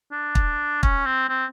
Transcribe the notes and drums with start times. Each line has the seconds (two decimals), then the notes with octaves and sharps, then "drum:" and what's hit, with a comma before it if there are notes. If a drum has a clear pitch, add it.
0.12 D4
0.35 drum: kick
0.83 C#4, drum: kick
1.06 C4
1.29 C4